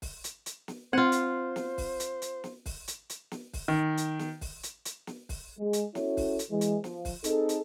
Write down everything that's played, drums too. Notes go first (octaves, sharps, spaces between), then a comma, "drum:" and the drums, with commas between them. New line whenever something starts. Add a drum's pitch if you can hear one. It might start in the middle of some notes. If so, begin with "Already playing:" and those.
drum: kick, open hi-hat
drum: hi-hat
drum: hi-hat
drum: snare
C4 F4 C5 F#5
drum: hi-hat
drum: snare
drum: kick, open hi-hat
drum: hi-hat
drum: hi-hat
drum: snare
drum: kick, open hi-hat
drum: hi-hat
drum: hi-hat
drum: snare
drum: kick, open hi-hat
D#3
drum: hi-hat
drum: snare
drum: kick, open hi-hat
drum: hi-hat
drum: hi-hat
drum: snare
drum: kick, open hi-hat
G#3
drum: hi-hat
C#4 E4 F#4 A4 C#5, drum: snare
drum: kick, open hi-hat
drum: hi-hat
E3 G#3
drum: hi-hat
F3, drum: snare
drum: kick, open hi-hat
C4 D#4 G#4 A4, drum: hi-hat
drum: hi-hat